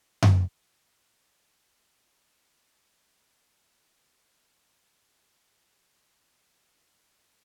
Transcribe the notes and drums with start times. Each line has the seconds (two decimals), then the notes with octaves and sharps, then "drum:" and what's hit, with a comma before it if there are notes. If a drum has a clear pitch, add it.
0.22 drum: tom F#2
0.70 F5
1.45 D#6
1.97 A5
3.14 G5
4.14 D4
4.40 C4
5.61 F3 C4 E4
6.42 F#3 B3 F4 F#4 B6